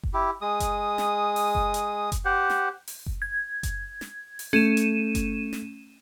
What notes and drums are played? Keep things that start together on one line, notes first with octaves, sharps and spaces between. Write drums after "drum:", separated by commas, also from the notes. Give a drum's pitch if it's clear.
drum: kick F#1
E4 G4
G#3 D#6
drum: kick F#1, hi-hat
drum: snare
drum: open hi-hat
drum: kick F#1
drum: hi-hat
drum: kick F#1, hi-hat
G4 C5 F#5
drum: snare
drum: open hi-hat
drum: kick F#1
G#6
drum: kick F#1, hi-hat
drum: snare
drum: open hi-hat
A3 C#4 D#7 E7
drum: hi-hat
drum: kick F#1, hi-hat
drum: snare